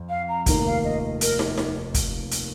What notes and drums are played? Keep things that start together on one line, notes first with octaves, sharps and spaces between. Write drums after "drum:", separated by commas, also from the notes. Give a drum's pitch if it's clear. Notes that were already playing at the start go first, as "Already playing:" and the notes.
Already playing: F2
F5
A#5
F1 D#2 D#3 A#3 A#5, drum: kick, hi-hat
F5
D#5
A#4, drum: hi-hat
drum: snare
drum: snare
drum: kick, hi-hat
drum: hi-hat